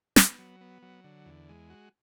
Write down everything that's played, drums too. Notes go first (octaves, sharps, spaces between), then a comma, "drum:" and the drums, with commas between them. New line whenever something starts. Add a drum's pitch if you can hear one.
B3, drum: snare
F#3
B3
F#3
D3
E2
G#3
F#4